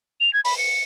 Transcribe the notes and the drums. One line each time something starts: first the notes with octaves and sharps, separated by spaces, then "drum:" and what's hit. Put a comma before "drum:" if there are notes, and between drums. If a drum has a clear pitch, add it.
F7
G#6
B5, drum: open hi-hat
C#7